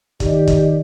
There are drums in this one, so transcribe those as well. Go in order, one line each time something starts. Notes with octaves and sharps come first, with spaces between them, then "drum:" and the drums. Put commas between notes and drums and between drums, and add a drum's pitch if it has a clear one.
D#3 G4 D5 D#5, drum: kick, hi-hat
drum: kick, hi-hat